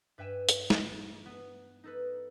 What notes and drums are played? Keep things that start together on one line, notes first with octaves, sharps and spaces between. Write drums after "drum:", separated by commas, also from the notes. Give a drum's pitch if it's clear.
G2 B4 E5 G5 G#5 E7
drum: hi-hat
drum: snare
B3
D#4 A4 B4